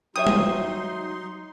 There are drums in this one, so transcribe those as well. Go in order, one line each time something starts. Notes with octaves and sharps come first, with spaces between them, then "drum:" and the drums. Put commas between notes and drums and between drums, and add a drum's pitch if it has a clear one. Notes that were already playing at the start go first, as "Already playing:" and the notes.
F#3 D#4 G4 C#5 E5 C6 D#6
drum: tom G3